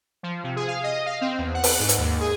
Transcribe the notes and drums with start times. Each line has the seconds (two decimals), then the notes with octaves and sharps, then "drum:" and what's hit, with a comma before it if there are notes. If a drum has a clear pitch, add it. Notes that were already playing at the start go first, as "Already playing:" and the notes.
0.23 F3
0.44 C3
0.56 G#4
0.68 F5
0.83 D#5
1.06 F5
1.21 C4
1.38 E2
1.54 F#5
1.64 drum: open hi-hat
1.79 G#2
1.89 drum: hi-hat
1.98 D#2
2.20 G#4